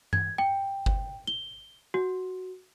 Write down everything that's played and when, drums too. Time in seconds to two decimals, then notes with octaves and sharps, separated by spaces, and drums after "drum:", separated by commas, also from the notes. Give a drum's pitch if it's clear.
0.13 G#6, drum: tom G2
0.38 G5
0.86 drum: kick G1
1.27 G7
1.94 F#4